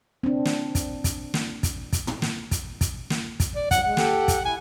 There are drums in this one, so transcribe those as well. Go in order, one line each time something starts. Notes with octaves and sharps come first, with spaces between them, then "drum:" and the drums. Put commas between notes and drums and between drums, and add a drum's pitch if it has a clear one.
C4 D4
drum: snare
drum: kick, hi-hat
drum: kick, hi-hat
drum: snare
drum: kick, hi-hat
drum: kick, hi-hat
drum: tom
drum: snare
drum: kick, hi-hat
drum: kick, hi-hat
drum: snare
drum: kick, hi-hat
D5
E2 G#2 F#3 F#5, drum: kick, hi-hat
G#3 F#5
G4 A4 G5, drum: snare
drum: kick, hi-hat
E4 G#5